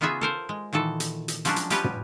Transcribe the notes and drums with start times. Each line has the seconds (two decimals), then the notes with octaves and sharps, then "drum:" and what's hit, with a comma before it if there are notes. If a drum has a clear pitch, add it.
0.01 C#3 B3 F4 F#4 G#4 E5
0.21 A4 A#4 C5
0.49 G#3
0.73 A#2 D#3 E3 A4
1.00 drum: hi-hat
1.28 drum: hi-hat
1.45 F3 F#3 G#3 C#4 D4 F#4, drum: hi-hat
1.56 drum: hi-hat
1.70 F3 G3 G4 B4 C#5 D#5, drum: hi-hat
1.84 drum: tom